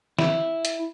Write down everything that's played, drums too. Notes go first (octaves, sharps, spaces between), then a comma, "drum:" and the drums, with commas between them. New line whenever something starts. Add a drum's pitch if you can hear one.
E4, drum: snare
drum: hi-hat